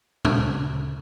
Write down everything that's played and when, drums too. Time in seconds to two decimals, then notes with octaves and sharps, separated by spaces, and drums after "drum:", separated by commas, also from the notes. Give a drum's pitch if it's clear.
0.25 D2 C#3, drum: tom A#2